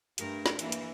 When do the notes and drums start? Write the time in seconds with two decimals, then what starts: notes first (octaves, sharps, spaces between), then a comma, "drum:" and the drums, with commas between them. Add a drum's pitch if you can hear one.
0.18 G2 A3 A#4, drum: hi-hat
0.46 drum: snare
0.59 E3 A#3, drum: hi-hat
0.72 drum: hi-hat